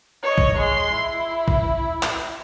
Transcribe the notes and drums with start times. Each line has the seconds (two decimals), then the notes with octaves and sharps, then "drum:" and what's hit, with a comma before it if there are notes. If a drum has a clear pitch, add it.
0.23 C#5 D#5
0.38 drum: kick A#1
0.57 G#3 C6
0.93 E4
1.48 drum: kick A#1
2.03 drum: clap